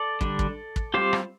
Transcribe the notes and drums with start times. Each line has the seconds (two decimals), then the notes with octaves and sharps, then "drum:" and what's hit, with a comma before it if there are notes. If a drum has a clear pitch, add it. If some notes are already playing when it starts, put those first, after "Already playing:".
Already playing: A4 D5
0.21 D3 G3 D4, drum: kick
0.39 drum: kick
0.76 drum: kick
0.94 G3 C4 F4 G4 C5
1.13 drum: rim click